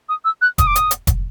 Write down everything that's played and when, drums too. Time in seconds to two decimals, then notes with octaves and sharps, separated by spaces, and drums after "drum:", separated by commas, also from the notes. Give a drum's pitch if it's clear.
0.09 D#6
0.25 E6
0.41 F#6
0.58 D#6, drum: kick F1, hi-hat
0.67 D6
0.76 D#6, drum: hi-hat
0.91 drum: hi-hat
1.07 drum: kick F1, hi-hat